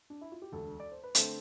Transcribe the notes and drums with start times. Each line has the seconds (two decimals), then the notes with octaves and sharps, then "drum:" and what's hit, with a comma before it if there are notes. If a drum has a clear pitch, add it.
0.10 D4
0.21 E4
0.32 F4
0.42 G4
0.52 E1 D2 D3 A4
0.80 D5
0.92 C5
1.04 B4
1.15 D3 A3 C4 A4, drum: hi-hat